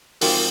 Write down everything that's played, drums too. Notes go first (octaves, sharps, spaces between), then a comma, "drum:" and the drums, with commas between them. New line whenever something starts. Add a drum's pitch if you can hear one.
G#2 F3 C4 F#4 A#4, drum: open hi-hat